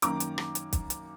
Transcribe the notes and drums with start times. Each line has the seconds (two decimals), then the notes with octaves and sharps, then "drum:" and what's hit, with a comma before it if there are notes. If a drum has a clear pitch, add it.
0.02 F#2 D#3 A#3 A#5 D6, drum: hi-hat
0.20 drum: hi-hat
0.38 drum: rim click
0.55 drum: hi-hat
0.73 drum: kick, hi-hat
0.90 drum: hi-hat